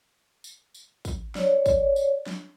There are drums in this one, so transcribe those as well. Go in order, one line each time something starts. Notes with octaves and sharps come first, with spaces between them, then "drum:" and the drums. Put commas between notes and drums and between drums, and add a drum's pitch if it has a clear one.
drum: tambourine
drum: tambourine
drum: kick, tambourine
C#5 D5, drum: snare
drum: kick, tambourine
drum: tambourine
drum: snare